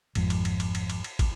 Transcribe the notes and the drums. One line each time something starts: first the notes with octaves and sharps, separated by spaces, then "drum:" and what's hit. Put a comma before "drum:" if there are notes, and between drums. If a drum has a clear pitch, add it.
G#1 F2, drum: cymbal
drum: cymbal
drum: cymbal
drum: cymbal
drum: cymbal
drum: cymbal
drum: cymbal
drum: kick, cymbal